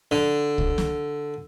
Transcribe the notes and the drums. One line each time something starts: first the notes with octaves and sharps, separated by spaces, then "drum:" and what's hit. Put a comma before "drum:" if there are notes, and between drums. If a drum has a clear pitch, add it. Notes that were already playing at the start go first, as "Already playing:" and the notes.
D3
drum: kick
drum: snare